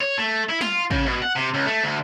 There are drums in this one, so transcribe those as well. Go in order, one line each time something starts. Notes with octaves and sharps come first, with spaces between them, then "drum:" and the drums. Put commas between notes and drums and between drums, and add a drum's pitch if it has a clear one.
C#5
A3
E4
F4, drum: snare
C#3, drum: kick A1
B2
F#5
C3
C#2
A3
D2